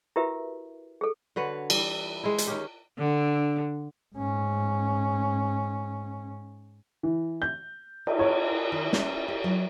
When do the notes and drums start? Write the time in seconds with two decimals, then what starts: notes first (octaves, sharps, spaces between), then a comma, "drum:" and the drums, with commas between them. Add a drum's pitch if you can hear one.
0.16 E4 F#4 G4 A#4 B4 E5
1.01 G#4 A4
1.36 D3 F#4 B4 C#5
1.70 E3 G3 E5, drum: cymbal
2.24 G#3 E4
2.38 drum: hi-hat
2.47 D#3 C#4 G4
2.98 D3
4.15 G#2 C#4
7.03 E3
7.42 G6
8.07 drum: cymbal
8.19 C#5
8.72 D#3
8.93 C#4, drum: snare
9.28 G4
9.44 F#3